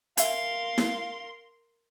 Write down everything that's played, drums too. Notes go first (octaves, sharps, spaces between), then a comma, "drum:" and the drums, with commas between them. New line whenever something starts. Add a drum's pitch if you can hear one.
A#4 E5 F5 G#5 C6, drum: hi-hat
drum: snare E4